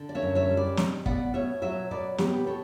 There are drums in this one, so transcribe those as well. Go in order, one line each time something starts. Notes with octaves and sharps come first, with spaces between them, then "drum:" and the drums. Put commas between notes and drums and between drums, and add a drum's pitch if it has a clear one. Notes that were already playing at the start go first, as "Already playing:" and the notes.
Already playing: D3
D5
C#5 E5
F#2
C#5 E5
G3
B4 D5
B2, drum: snare
B3 D5 F#5, drum: kick
B2 C#5 E5
F#3 C#5 E5
B2 B4 D5
B3 G4 B4, drum: snare
B3 A4 C#5